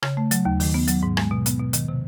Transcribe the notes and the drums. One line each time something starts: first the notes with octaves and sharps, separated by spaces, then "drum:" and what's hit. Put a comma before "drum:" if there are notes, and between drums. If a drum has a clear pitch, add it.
C#3, drum: rim click
A3
F#3, drum: hi-hat
D#2
D#3, drum: open hi-hat
B3
F#3, drum: hi-hat
G#2
G#3, drum: rim click
B2
B3, drum: hi-hat
B2
D#3, drum: hi-hat
C3